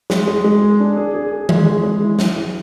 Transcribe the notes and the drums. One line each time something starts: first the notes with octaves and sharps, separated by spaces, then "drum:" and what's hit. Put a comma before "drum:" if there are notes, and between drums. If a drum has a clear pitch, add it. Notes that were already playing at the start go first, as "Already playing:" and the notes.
G#3, drum: snare
G#3
G#3
G#4
D4
G#4
G#4
G#4
G#3, drum: tom D#3
G#3
G#3
E4
E4, drum: snare
E4